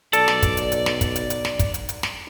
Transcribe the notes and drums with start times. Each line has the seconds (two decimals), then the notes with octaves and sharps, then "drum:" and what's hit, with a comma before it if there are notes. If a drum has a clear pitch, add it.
0.13 B1 A4 D5, drum: hi-hat
0.28 drum: snare
0.42 drum: kick, hi-hat
0.57 drum: hi-hat
0.72 drum: hi-hat
0.86 drum: snare
1.01 drum: kick, hi-hat
1.16 drum: hi-hat
1.30 drum: hi-hat
1.45 drum: snare
1.59 drum: kick, hi-hat
1.74 drum: hi-hat
1.89 drum: hi-hat
2.03 drum: snare